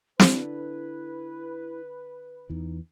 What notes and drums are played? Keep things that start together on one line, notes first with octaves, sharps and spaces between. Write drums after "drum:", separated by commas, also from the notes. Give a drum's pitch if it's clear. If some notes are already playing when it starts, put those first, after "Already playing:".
D3 E4 B4, drum: snare
E2 E3 D#4